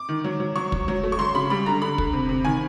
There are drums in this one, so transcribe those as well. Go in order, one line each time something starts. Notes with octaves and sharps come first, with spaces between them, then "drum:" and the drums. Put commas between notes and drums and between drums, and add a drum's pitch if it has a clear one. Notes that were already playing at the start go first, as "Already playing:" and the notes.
Already playing: D6
D#3
F#3
F#3
F#3 C#6
F#3, drum: kick
F#3
A3
C#6
F#3 C6
C#3 B5
G3 B5
D3 A#5
D3 B5
D3, drum: kick
C3
C3
D#3 G#5